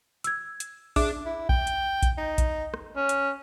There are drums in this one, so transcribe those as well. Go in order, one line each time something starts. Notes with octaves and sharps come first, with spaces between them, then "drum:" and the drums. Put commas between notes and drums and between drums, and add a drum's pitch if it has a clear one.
E6 G#6, drum: hi-hat
drum: hi-hat
D4 G#4 E5 D6, drum: kick, open hi-hat
E4
G5, drum: kick
drum: hi-hat
drum: kick, hi-hat
D#4
drum: kick, hi-hat
drum: rim click
C#4
drum: hi-hat